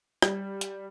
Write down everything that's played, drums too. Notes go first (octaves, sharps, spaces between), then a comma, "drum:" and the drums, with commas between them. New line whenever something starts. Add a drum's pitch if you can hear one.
G3, drum: rim click
drum: hi-hat